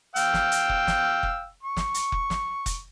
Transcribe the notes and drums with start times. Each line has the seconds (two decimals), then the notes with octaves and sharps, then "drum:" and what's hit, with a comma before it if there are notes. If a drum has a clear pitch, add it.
0.16 F5 G5 E6, drum: hi-hat
0.34 drum: snare
0.52 drum: hi-hat
0.69 drum: kick F1
0.87 drum: snare
1.23 drum: kick F1
1.63 C#6
1.77 drum: snare
1.94 drum: hi-hat
2.12 drum: kick F1
2.30 drum: snare
2.66 drum: kick F1, hi-hat